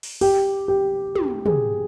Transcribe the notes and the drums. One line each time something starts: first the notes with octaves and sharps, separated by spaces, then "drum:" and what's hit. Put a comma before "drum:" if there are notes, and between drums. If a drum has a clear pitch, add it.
drum: open hi-hat
G4, drum: open hi-hat
G4
G4, drum: tom
G#4, drum: tom